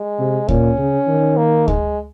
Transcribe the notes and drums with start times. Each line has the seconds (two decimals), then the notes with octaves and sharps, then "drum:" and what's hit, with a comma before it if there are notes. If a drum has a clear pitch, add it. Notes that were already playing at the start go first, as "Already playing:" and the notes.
Already playing: G#3
0.19 C3
0.48 A#2 C#4, drum: kick D2
0.78 C#3
1.08 D#3
1.37 A#3
1.68 G#3, drum: kick D2